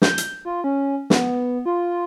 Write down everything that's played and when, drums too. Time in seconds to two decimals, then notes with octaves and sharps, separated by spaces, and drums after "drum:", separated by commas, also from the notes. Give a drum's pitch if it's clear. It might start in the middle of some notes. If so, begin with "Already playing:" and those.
0.02 G6, drum: snare
0.18 drum: hi-hat
0.45 F4
0.64 C#4
1.10 B3, drum: snare
1.66 F4